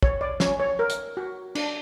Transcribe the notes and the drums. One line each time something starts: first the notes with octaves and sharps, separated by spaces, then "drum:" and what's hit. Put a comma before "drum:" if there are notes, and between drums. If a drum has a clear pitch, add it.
C#5, drum: kick
D5
C#4 C#5, drum: snare
C#5
A#4
drum: hi-hat
F#4
D4, drum: cymbal